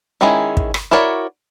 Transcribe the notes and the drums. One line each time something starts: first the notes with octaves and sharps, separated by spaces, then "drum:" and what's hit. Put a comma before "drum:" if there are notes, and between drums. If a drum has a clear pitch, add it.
D#3 G#3 C#4 E4 G#4
drum: kick
drum: rim click
E4 F#4 A#4 C#5 D5